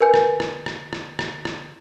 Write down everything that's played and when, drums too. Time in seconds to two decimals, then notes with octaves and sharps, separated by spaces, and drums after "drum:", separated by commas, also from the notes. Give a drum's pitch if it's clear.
0.01 A#4 B4 G#5 G6
0.14 drum: rim click
0.40 drum: rim click
0.66 drum: rim click
0.93 drum: rim click
1.19 drum: rim click
1.45 drum: rim click